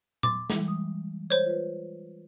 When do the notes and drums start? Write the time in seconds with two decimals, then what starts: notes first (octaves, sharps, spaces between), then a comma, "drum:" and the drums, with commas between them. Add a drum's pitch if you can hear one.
0.23 C6 D6 A6, drum: tom A#2
0.50 E3 G3 G#3, drum: snare
0.68 D#6
1.30 C5 C#5
1.46 F4 B4